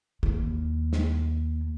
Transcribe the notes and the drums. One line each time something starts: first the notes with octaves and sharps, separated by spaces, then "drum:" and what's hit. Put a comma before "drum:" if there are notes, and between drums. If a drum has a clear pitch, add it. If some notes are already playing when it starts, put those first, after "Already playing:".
D#2 A#3, drum: kick
drum: snare